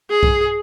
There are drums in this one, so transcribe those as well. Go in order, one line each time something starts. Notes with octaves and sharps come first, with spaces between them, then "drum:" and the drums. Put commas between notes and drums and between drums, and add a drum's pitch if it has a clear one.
G#4
drum: kick B1